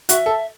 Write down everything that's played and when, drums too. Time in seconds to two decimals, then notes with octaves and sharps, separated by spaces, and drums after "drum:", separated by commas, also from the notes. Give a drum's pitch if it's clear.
0.09 F#4 E5, drum: hi-hat
0.26 A4